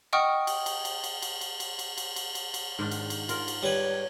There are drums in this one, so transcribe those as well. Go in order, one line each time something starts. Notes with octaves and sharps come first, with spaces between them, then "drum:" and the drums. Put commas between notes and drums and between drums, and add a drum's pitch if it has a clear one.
D#5 F#5 G5 C#6 D#6 F6
drum: cymbal
drum: cymbal
drum: cymbal
drum: cymbal
drum: cymbal
drum: cymbal
drum: cymbal
drum: cymbal
drum: cymbal
drum: cymbal
drum: cymbal
drum: cymbal
G#2 D#3 D4
drum: cymbal
drum: cymbal
F4 A#4, drum: cymbal
drum: cymbal
G3 B4 C#5